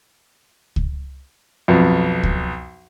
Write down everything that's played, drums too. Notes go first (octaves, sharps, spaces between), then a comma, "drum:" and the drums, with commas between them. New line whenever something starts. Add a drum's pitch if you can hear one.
drum: kick C#2
B1 F2
drum: kick C#2